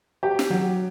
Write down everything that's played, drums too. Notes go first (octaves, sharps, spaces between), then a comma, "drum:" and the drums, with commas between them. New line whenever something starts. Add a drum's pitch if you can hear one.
G4
drum: snare
F#3